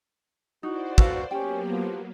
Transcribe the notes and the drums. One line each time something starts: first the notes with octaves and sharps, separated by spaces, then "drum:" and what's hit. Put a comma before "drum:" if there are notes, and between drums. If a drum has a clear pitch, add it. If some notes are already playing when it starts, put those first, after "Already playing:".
D#4 E4 F#4 C5 D5
F#4 A4 B4 F5, drum: kick
F#3 A#3 B3 C#4 G4 G5
F3